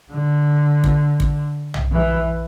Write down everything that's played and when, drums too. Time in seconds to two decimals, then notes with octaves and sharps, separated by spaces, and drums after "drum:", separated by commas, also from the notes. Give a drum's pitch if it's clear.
0.12 D3
0.84 drum: kick
1.20 drum: kick
1.74 drum: tom
1.92 E3